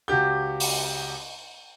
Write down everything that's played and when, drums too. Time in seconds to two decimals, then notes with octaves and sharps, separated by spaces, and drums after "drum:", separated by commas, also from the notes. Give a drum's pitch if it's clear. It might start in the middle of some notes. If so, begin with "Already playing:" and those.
0.08 C#2 F#4 G4 G6
0.60 drum: open hi-hat